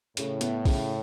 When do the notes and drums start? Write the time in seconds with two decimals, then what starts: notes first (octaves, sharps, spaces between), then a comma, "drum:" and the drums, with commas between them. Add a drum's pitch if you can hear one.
0.17 A2 C#3, drum: hi-hat
0.41 B3, drum: hi-hat
0.65 C#3, drum: kick, open hi-hat